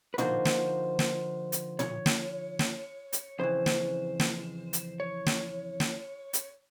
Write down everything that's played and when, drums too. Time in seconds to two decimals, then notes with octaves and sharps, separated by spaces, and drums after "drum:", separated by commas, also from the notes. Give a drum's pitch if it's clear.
0.14 B4
0.18 D3 F3 A#3 D#4 F#4 C5, drum: tom
0.45 drum: snare
0.99 drum: snare
1.52 drum: hi-hat
1.79 C#5, drum: tom
2.06 drum: snare
2.59 drum: snare
3.13 drum: hi-hat
3.39 F2 C#3 E3 C5
3.66 drum: snare
4.20 drum: snare
4.73 drum: hi-hat
5.00 C#5
5.26 drum: snare
5.80 drum: snare
6.33 drum: hi-hat